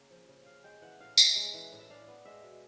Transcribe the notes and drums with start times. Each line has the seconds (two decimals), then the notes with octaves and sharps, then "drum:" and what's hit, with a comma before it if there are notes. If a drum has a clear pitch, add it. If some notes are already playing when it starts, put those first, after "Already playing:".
Already playing: C#3 A#3
0.10 F3
0.29 C#3
0.46 C#4 F5
0.64 G#3 G5
0.82 E3 F#5
1.00 A2 F5
1.17 C#4 E5, drum: tambourine
1.36 G#3
1.54 E3
1.72 A2
1.79 E5
1.90 D4 F5
2.08 B3
2.25 G#3 E5
2.43 B2